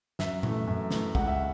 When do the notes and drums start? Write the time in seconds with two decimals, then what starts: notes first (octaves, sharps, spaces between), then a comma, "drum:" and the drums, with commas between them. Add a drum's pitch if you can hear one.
0.19 F#2 E5, drum: snare
0.43 E3 A3, drum: tom A#2
0.67 F#2
0.91 E3 A3, drum: snare
1.15 C#2 F#5, drum: kick
1.27 E5